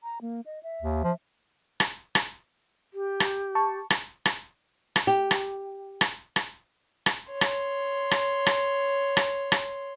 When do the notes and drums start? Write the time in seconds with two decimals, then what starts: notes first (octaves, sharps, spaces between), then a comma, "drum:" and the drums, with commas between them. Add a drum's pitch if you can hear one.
0.03 A#5
0.22 A#3
0.46 D#5
0.63 E5
0.82 D#2
1.04 F3
1.80 drum: rim click
2.15 drum: rim click
2.94 G4
3.20 drum: rim click
3.55 A5 C#6
3.90 drum: rim click
4.25 drum: rim click
4.96 drum: rim click
5.07 G4
5.31 drum: rim click
6.01 drum: rim click
6.36 drum: rim click
7.06 drum: rim click
7.32 C#5 C6
7.41 drum: rim click
8.11 drum: rim click
8.46 drum: rim click
9.17 drum: rim click
9.52 drum: rim click